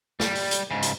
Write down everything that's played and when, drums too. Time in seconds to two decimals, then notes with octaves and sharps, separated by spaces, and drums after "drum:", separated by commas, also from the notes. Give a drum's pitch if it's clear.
0.20 G3, drum: snare
0.35 drum: open hi-hat
0.51 drum: hi-hat
0.71 G#2 C#3
0.83 drum: hi-hat